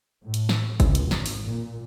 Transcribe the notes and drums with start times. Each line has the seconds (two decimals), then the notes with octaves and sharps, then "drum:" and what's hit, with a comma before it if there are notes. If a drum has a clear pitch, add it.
0.24 A2
0.34 drum: hi-hat
0.49 drum: snare
0.80 C#2, drum: kick G1, hi-hat
0.95 drum: hi-hat
1.11 G#1, drum: snare
1.26 drum: open hi-hat
1.48 A#2